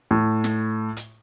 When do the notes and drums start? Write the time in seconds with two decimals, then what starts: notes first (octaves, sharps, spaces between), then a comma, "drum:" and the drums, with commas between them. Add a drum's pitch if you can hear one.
0.11 A2
0.44 drum: snare
0.97 drum: hi-hat